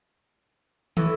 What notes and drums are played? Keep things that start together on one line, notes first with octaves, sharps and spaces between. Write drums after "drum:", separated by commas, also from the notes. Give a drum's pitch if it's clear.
A2 E3 E4, drum: tom